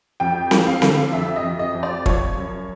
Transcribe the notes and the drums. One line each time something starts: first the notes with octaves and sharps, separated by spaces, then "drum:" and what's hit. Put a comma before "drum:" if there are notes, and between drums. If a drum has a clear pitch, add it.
F2 G5
F3, drum: snare C4
F5
D3, drum: snare C4
F2 E5
D#5
F2
D#5
F2
D5
F3 C#5, drum: kick
F#2